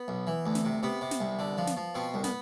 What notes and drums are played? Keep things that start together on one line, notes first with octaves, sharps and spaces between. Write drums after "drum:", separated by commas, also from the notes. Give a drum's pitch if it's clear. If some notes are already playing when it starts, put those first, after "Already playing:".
Already playing: B3
B1
E3
D2
drum: snare
C3
C3 B3
C3
drum: snare
C2
D3
F3
drum: snare
F3
B2 C4
C2
B3, drum: snare